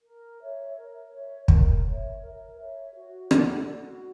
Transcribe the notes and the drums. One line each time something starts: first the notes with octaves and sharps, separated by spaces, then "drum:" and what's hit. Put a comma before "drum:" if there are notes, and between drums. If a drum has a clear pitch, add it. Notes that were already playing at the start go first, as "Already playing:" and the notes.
A#4
C#5 E5
A#4
C#5 E5
A#4, drum: kick
C#5 E5
A#4
C#5 E5
F#4
A4 D5 F#5, drum: rim click
F#4